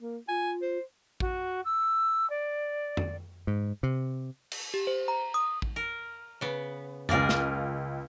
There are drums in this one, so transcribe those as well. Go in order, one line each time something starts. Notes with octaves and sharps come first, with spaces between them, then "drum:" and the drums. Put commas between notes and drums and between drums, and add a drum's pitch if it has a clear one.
A#3
F4 G#5
C5
F#4, drum: kick A1
E6
D5
drum: tom F2
G#2
C3
drum: cymbal
G4
C5
A#5
D#6
drum: kick A1
A#4
C#3 B3
C#2 A#3 G#4 A#4 F5 A6, drum: tom F2
drum: snare